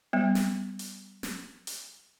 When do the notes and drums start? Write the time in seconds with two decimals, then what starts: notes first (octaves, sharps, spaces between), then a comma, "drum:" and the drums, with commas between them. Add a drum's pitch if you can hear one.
0.13 G3 B3
0.35 drum: snare
0.79 drum: hi-hat
1.23 drum: snare
1.67 drum: hi-hat